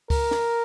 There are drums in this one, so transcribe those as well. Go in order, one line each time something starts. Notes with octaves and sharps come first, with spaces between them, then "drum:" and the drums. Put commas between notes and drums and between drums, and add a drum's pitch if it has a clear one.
A#4, drum: kick C#2, open hi-hat
drum: snare